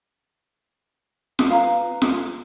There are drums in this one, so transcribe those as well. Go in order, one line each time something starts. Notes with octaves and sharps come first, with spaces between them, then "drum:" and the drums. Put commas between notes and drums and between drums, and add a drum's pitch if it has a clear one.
drum: snare F4
B4 F5 A#5
drum: snare F4